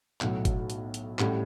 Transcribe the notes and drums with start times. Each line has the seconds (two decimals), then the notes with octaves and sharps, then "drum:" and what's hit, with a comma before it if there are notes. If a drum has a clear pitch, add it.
0.21 B1 A2 F#3, drum: clap
0.45 drum: kick, hi-hat
0.70 drum: hi-hat
0.94 drum: hi-hat
1.19 A1 A2 G3, drum: clap